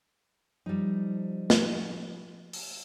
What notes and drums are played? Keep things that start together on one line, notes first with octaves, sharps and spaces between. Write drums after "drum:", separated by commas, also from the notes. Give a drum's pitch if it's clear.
F3 G3 D#4
drum: snare
drum: open hi-hat